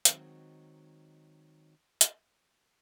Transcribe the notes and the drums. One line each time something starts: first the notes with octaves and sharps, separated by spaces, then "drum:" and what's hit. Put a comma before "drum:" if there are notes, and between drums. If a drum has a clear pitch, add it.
D#3 F#3 G#3 C4 F#4, drum: hi-hat
drum: hi-hat